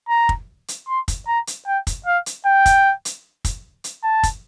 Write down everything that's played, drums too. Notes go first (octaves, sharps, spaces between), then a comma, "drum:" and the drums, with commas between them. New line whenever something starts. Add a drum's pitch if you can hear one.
A#5
drum: kick
drum: hi-hat
C6
drum: kick, hi-hat
A#5
drum: hi-hat
G5
drum: kick, hi-hat
F5
drum: hi-hat
G5
drum: kick, hi-hat
drum: hi-hat
drum: kick, hi-hat
drum: hi-hat
A5
drum: kick, hi-hat